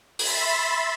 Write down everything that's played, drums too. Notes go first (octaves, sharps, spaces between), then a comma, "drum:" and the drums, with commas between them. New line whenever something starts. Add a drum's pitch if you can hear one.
E5 B5 C6 A6 B6 E7, drum: open hi-hat